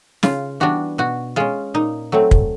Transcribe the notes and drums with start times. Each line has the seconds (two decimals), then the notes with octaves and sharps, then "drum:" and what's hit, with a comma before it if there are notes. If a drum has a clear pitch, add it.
0.23 C#3 F4, drum: snare
0.60 E3 G3 B3 D4 F#4
0.98 B2 F#4
1.36 G#3 C#4 F4
1.74 A#2 D#4
2.12 F#3 A3 C4
2.31 drum: kick